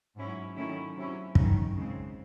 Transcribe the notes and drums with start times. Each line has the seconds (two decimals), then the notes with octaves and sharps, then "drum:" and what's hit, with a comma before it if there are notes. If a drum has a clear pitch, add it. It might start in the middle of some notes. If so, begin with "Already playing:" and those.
0.16 G#2 F#3 C#4 E4
0.56 D#3 F#3 A3 C#4 E4
0.96 C3 F#3 C#4 E4
1.35 D#3 F#3 C#4, drum: kick
1.75 C#3 G#3 C4